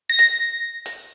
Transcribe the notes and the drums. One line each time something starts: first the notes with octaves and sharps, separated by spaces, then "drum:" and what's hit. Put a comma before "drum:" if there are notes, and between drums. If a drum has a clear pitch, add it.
A#6
drum: hi-hat
drum: hi-hat